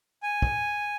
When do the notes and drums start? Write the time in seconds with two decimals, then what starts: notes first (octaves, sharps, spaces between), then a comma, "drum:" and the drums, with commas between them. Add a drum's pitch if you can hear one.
0.23 G#5
0.42 drum: kick